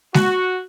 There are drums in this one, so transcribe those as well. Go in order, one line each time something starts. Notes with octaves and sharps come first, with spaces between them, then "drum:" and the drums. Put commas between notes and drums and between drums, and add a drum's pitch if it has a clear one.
F#4, drum: snare